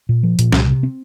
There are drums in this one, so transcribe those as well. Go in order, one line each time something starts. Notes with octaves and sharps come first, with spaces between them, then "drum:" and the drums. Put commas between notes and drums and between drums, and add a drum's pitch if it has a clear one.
A#2
F3
A#2, drum: hi-hat
C2, drum: snare
C3
C4